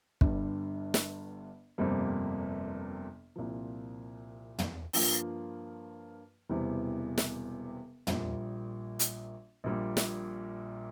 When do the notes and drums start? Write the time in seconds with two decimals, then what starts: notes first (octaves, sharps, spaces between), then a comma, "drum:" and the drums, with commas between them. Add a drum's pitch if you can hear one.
0.21 G1 G2 D3 G3, drum: kick
0.94 drum: snare
1.78 G1 F2 C3 G3 A#3
3.36 C2 A#2 F3
4.59 drum: tom
4.93 G2 F3 A#3 F4, drum: open hi-hat
6.49 E1 E2 C3 E3 G3
7.18 drum: snare
8.07 A#1 A#2 G3, drum: tom
8.99 drum: hi-hat
9.64 A#1 A#2 G3
9.97 drum: snare